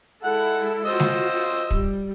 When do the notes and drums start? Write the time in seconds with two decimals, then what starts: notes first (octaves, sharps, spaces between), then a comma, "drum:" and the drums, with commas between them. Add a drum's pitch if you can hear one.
0.24 G#3 E4 A4 F#5
0.85 F4 F#4 C5 D#5 E6
1.00 drum: snare G#3
1.71 G3, drum: kick